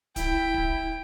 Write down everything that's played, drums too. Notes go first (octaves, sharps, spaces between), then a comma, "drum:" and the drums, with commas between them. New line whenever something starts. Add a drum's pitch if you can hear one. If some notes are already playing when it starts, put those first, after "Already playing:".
E4 G5, drum: kick, hi-hat
drum: kick